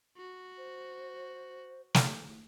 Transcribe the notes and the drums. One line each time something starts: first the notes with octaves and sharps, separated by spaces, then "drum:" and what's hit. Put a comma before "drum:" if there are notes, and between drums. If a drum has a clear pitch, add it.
F#4
C5
drum: snare